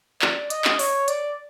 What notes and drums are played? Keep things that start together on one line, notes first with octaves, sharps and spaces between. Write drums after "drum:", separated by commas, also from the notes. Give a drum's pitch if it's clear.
D5, drum: clap
D#5, drum: hi-hat
drum: clap
C#5, drum: open hi-hat
D5, drum: hi-hat